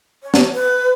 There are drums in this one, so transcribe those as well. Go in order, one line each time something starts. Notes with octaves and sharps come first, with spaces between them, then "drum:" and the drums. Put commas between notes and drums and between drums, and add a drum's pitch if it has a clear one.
C#5
drum: snare
B4